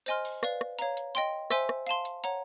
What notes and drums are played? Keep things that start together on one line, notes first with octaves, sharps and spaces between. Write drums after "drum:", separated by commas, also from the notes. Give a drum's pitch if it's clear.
C5 D#5 G#5 C6 F6, drum: hi-hat
drum: open hi-hat
B4 D5 F5, drum: rim click
drum: rim click
C#5 F5 A#5, drum: hi-hat
drum: hi-hat
D#5 G5 C6, drum: hi-hat
C5 E5 G#5 C6 E6, drum: rim click
drum: rim click
F5 A5 C6, drum: hi-hat
drum: hi-hat
C#5 F#5 A#5, drum: hi-hat